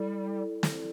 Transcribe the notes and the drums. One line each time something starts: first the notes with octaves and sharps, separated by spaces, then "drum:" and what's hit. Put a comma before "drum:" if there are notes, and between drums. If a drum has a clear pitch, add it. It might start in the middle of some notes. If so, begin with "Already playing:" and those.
Already playing: G3 E4 A4 D5
drum: snare